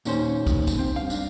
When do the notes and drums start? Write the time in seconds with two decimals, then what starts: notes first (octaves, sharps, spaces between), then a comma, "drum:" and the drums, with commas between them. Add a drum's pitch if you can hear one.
0.05 D#2 A#2 C#4 C5, drum: tambourine
0.34 D#2
0.47 drum: kick, tambourine
0.67 drum: kick, tambourine
0.79 C4
0.96 G2 F5
1.10 D4, drum: tambourine